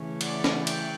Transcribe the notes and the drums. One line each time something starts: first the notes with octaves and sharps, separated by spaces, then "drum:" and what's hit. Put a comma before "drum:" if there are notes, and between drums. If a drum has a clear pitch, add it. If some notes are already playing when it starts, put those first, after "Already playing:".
Already playing: C#3 E3 A3 C#4
D5 F#5, drum: cymbal
drum: snare C#4
G5, drum: cymbal